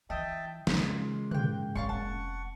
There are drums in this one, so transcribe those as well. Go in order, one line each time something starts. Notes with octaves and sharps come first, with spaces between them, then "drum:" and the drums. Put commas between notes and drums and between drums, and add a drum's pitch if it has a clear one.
E3 D#5 E5 G5 A5
C#3 E3 G#3 A#3 C#4 F4, drum: snare
G5 F#6, drum: tom
A1 A#4 C#5 D5 F5 C6 C#6
F1 F#5 A5 C#6